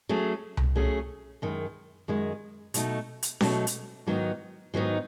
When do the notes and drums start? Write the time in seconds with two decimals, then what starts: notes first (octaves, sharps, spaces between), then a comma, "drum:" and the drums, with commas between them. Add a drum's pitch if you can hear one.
0.09 F#3 A3 C#4 G#4
0.57 drum: tom C2
0.75 F#3 A3 C#4 G#4
1.42 F#2 D#3 G#3
2.08 F#2 D#3 G#3
2.74 B2 F#3 A3 D#4, drum: hi-hat
3.23 drum: hi-hat
3.41 B2 F#3 A3 D#4, drum: snare C#4
3.67 drum: hi-hat
4.06 G#2 D#3 F#3 B3 D#4
4.74 G#2 D#3 F#3 B3 D#4